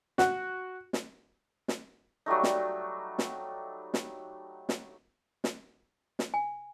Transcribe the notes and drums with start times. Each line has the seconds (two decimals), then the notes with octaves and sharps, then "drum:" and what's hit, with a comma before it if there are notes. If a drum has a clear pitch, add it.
0.18 F#4, drum: snare
0.93 drum: snare
1.68 drum: snare
2.26 F#3 G3 A3 D#4
2.43 drum: snare
3.19 drum: snare
3.94 drum: snare
4.69 drum: snare
5.44 drum: snare
6.19 drum: snare
6.34 G#5